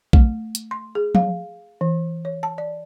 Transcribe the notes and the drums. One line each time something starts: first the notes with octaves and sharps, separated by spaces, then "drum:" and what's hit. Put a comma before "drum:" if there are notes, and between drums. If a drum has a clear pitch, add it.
A3, drum: kick A#1
drum: hi-hat
C6
G#4
F5, drum: tom F3
E3
C#5
A5
D5